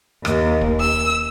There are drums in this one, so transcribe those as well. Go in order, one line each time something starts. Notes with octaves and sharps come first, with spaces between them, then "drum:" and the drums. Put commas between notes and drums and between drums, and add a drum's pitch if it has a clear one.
D#2, drum: rim click
drum: kick
E6